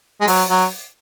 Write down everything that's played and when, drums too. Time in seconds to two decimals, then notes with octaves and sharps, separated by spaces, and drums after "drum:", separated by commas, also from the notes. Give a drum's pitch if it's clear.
0.21 G#3
0.27 F#3, drum: open hi-hat
0.49 F#3